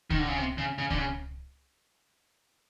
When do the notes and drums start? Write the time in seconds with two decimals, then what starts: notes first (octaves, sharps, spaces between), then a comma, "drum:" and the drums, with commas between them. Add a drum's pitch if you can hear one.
0.10 D#3, drum: kick C#2
0.19 D3
0.29 C#3
0.37 C3
0.58 C#3
0.78 C#3
0.90 D3, drum: kick C#2
0.98 C#3